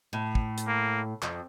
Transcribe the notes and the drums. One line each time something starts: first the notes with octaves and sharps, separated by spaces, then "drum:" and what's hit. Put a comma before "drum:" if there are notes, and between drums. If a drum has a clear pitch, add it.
A2
drum: kick
drum: hi-hat
A#3
F2, drum: clap